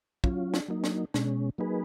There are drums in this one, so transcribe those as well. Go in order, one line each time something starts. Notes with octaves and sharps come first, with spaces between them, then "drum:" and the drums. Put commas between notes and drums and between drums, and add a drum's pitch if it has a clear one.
F#3 C#4 F4, drum: kick
drum: snare
F#3 A#3 D#4
drum: snare
B2 G#3 C#4, drum: snare
F#3 A#3 D#4 G#4 B4